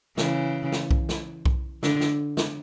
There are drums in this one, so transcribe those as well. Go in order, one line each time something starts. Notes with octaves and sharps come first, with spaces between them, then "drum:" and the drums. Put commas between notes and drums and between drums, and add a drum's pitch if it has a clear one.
C#3 E3, drum: snare
drum: snare
drum: kick B1
drum: snare
drum: kick B1
D3, drum: snare
drum: snare
drum: snare